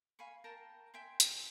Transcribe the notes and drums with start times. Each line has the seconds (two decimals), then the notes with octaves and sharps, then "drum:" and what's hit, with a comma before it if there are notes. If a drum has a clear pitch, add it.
0.19 F5 G#5 B5 C#6
0.44 A#4 G5 A5 A#5
0.94 E5 G5 G#5 C6
1.20 drum: hi-hat